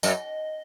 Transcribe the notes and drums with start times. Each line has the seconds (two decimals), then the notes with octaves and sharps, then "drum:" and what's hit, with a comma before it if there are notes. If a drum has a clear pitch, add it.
0.03 F#2 D#5, drum: tambourine